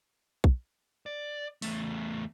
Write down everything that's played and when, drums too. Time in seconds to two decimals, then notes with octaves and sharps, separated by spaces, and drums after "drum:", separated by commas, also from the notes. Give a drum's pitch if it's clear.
0.44 drum: kick
1.06 D5
1.62 E2 A3, drum: open hi-hat